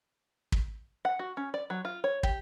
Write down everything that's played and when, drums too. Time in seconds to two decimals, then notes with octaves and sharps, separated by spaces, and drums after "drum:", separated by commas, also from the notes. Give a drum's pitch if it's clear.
0.52 drum: kick
1.05 F#5
1.19 F#4
1.37 C#4
1.54 D5
1.70 F#3
1.85 F4
2.04 C#5
2.23 G4, drum: kick